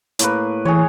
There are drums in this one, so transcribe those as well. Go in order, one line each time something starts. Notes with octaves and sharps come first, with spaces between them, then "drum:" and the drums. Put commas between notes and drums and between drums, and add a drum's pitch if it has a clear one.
A2 A#3 B4, drum: hi-hat
E3 G#4 C#5